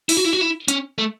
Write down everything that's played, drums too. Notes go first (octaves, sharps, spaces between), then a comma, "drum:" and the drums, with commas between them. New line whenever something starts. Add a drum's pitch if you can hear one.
E4, drum: open hi-hat
F#4
E4
F#4
E4
C#4, drum: hi-hat
A3